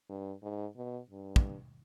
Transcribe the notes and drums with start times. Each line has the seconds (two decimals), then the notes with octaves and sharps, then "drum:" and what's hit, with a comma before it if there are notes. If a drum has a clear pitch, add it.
0.09 G2
0.43 G#2
0.76 B2
1.10 G2
1.36 drum: kick